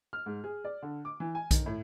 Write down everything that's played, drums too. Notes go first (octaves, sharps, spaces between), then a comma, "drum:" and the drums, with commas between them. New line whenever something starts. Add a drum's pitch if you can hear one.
F6
G#2
G#4
D5
D3
D6
E3
G#5
D#3, drum: kick B1, hi-hat
A2